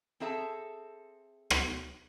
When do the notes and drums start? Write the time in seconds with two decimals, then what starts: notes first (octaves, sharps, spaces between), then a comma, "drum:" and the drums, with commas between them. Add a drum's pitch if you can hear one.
0.20 C4 G#4 A4 E5 F5 A5
1.50 drum: rim click